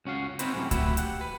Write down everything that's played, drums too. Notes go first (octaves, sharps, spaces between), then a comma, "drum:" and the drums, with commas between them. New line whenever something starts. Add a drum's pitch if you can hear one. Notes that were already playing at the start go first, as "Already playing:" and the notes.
C#2 C#4 F#4 F5
C4 D#4 E4 F#4 B4 C5, drum: hi-hat
F#2 A2 C3 F#3 C#4
A3 E4 F#4 G4 B4 E5, drum: kick C#2, hi-hat
G4 F#5, drum: hi-hat
B4